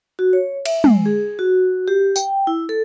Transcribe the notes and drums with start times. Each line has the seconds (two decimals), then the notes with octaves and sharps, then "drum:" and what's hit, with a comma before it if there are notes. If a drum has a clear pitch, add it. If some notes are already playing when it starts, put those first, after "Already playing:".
0.19 F#4
0.33 C#5
0.66 E5, drum: cymbal
0.84 G#3, drum: tom
1.06 G#4
1.39 F#4
1.88 G4
2.16 G5, drum: tambourine
2.47 E4
2.69 A4